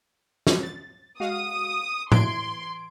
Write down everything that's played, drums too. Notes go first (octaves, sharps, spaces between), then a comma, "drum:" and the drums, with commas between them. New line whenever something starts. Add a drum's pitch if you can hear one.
drum: snare
A6
G#3 F#4 F5 D#6
E3 C6 G#6 D7, drum: tom A2